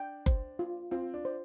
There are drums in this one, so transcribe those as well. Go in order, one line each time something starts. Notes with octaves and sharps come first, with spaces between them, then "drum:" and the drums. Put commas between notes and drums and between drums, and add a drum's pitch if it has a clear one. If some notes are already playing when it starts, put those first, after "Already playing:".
Already playing: D4 G5
C5, drum: kick F#1
F4
C4 F4
D4
C5